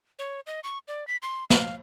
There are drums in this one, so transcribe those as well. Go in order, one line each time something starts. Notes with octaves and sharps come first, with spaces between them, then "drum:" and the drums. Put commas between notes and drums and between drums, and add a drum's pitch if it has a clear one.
C#5
D#5
C#6
D5
B6
C6
F5, drum: snare